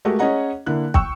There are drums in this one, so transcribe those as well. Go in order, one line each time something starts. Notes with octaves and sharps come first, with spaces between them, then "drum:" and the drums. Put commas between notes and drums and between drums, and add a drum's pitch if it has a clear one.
G#3 A3 F#4 G4 A#4
C#4 G#4 C#5 D#5 F#5 A#5
D3 A#3 E4 F#6
G5 C#6 E6, drum: kick